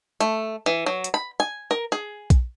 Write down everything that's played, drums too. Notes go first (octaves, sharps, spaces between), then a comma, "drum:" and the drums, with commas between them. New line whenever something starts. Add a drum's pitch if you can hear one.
A3, drum: hi-hat
E3
F#3
drum: hi-hat
B5
G#5
A#4
G#4
drum: kick A#1, hi-hat